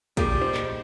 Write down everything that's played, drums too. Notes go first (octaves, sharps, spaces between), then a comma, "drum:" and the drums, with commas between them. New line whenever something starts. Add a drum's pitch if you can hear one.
A#2 F3 G3 G4 G#4, drum: kick, hi-hat
D#4 C5
drum: clap